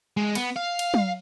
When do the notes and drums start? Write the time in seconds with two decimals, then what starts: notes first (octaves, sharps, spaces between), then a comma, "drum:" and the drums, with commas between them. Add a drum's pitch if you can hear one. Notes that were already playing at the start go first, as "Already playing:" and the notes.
0.17 G#3
0.35 B3, drum: cymbal
0.57 F5
0.79 drum: cymbal
0.94 drum: tom F#3